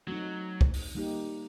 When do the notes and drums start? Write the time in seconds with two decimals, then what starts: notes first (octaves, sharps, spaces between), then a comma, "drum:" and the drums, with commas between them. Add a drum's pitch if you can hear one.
0.07 F#3 A3 C4 D#4
0.61 drum: kick
0.74 drum: open hi-hat
0.95 D#3 G3 A#3 D#4 G4